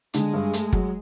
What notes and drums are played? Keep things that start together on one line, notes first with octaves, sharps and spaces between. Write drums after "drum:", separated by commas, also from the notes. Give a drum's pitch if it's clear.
D3 G#3, drum: hi-hat
G2
A3, drum: hi-hat
F#3, drum: kick